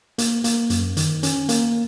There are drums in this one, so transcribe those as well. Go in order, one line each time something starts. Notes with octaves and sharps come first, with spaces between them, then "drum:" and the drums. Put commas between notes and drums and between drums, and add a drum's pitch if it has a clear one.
A#3, drum: hi-hat
A#3, drum: hi-hat
F#2, drum: hi-hat
D#3, drum: hi-hat
C#4, drum: hi-hat
A#3, drum: hi-hat